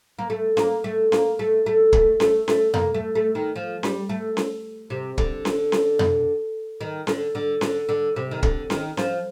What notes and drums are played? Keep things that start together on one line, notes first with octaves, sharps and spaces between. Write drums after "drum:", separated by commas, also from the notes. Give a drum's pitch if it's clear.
A#3
A3
A#3, drum: snare C#4
A3
A#3, drum: snare C#4
A3
A3
A3, drum: kick
A3, drum: snare C#4
A3, drum: snare C#4
A#3, drum: tom F2
A3
A3
D#3
F3
G3, drum: snare C#4
A3
drum: snare C#4
C3
D3, drum: kick
drum: snare C#4
drum: snare C#4
drum: tom F2
D#3
D3, drum: snare C#4
D3
D3, drum: snare C#4
D3
C3
D#3
D3, drum: kick
D#3, drum: snare C#4
F3, drum: snare C#4